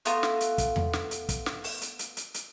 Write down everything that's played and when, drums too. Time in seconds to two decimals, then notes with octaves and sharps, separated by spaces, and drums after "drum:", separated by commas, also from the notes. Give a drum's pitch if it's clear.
0.05 A3 B3 F4 A#5, drum: hi-hat
0.23 drum: snare
0.41 drum: hi-hat
0.58 drum: kick, hi-hat
0.76 drum: tom E2
0.93 drum: snare
1.11 drum: hi-hat
1.29 drum: kick, hi-hat
1.46 drum: snare
1.64 drum: open hi-hat
1.81 drum: hi-hat
1.99 drum: hi-hat
2.17 drum: hi-hat
2.34 drum: hi-hat